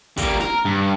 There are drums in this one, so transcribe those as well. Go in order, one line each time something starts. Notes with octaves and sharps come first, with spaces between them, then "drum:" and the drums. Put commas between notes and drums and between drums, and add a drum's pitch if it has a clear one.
G3 A#3, drum: kick, hi-hat
A#4, drum: snare
G2